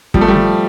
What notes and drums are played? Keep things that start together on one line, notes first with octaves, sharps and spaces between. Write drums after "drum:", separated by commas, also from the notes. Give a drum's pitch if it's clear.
F3 G3, drum: kick
A3
G3
F3